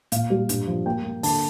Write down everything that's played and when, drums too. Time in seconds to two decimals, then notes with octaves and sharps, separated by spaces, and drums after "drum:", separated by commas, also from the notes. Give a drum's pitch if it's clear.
0.12 A#2 F5, drum: hi-hat
0.30 G3
0.49 G2, drum: hi-hat
0.67 F3
0.86 A#3 G5
1.04 A#3
1.23 D3 A5, drum: open hi-hat